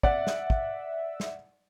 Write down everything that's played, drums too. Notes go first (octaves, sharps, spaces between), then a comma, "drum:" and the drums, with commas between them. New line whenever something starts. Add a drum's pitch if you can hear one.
D5 E5 F#5, drum: kick
drum: snare
drum: kick
drum: snare